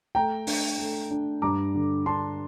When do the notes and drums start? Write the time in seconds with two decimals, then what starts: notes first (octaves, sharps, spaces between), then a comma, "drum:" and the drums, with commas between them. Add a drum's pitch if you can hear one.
0.15 A3 G5 A#5
0.47 D4, drum: open hi-hat
0.79 A3
1.11 D4
1.42 G2 A#5 D6
1.74 D3
2.06 D4 A5 C6